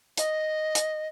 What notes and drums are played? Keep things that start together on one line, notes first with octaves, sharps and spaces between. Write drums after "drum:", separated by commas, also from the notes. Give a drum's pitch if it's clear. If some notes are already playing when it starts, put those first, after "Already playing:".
D#5, drum: hi-hat
drum: hi-hat